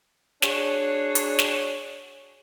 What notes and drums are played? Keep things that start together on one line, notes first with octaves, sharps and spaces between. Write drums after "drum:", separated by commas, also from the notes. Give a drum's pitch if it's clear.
D4 F#4 G#4 C#5, drum: snare
drum: hi-hat
drum: snare